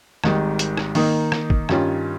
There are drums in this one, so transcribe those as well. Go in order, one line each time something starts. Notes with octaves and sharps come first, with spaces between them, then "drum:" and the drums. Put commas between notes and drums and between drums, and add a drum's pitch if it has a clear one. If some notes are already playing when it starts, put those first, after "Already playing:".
G#1 G#2 D#3 G3, drum: rim click
drum: hi-hat
drum: rim click
D#3 A#3 D#4, drum: open hi-hat
drum: rim click
drum: kick
G2 D#3 G3 C#4 F4, drum: rim click